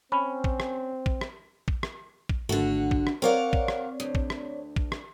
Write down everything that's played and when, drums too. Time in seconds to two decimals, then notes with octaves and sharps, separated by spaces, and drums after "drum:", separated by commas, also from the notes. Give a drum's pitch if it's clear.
0.12 C4 C#4 B5
0.44 drum: kick
0.60 drum: rim click
1.06 drum: kick
1.21 drum: rim click
1.68 drum: kick
1.83 drum: rim click
2.29 drum: kick
2.49 G#1 D3 A3 F#4
2.91 drum: kick
3.07 drum: rim click
3.22 C4 A#4 C#5 D5 F5 F#5
3.53 drum: kick
3.68 drum: rim click
4.00 D2
4.15 drum: kick
4.30 drum: rim click
4.76 drum: kick
4.92 drum: rim click